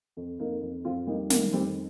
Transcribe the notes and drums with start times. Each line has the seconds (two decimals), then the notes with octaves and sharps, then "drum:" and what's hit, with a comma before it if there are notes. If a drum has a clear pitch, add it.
0.17 F2
0.39 F2 A#3 D#4
0.62 F2
0.84 F2 C4 F4
1.07 G3 A#3 D#4
1.30 D#3 A#3, drum: snare
1.53 F2 G3 C4